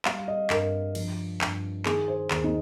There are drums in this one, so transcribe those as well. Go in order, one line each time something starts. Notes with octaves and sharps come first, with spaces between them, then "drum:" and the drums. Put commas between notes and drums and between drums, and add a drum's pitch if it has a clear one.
G3 F5, drum: clap
D#5
G2 A#4, drum: clap
F3, drum: cymbal
G2, drum: clap
D#3 G#4, drum: clap
C5
D#2 G#4, drum: clap
D#4